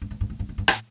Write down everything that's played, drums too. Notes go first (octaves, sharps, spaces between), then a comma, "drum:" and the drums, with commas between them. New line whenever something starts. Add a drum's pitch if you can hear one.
G2
A2
G2
A2
G2
A2
G2
A2, drum: rim click